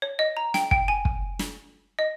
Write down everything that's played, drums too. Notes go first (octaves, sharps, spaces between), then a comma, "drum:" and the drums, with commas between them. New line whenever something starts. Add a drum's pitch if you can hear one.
C#5
D#5
A#5
G5, drum: snare
G5, drum: kick
G#5
drum: kick
drum: snare
D#5